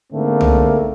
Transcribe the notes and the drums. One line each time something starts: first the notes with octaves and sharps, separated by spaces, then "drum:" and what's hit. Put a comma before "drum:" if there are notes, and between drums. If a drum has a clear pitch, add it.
G#2 D3 A3 A#3 C4
drum: tom C2